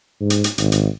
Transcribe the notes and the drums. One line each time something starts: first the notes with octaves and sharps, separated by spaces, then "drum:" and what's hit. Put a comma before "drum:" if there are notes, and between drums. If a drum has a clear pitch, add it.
G#2
drum: hi-hat
drum: hi-hat
G#1, drum: hi-hat
drum: hi-hat